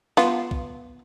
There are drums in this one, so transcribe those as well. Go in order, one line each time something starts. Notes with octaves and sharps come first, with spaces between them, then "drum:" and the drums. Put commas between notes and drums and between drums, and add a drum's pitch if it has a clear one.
B3 F4, drum: snare
drum: kick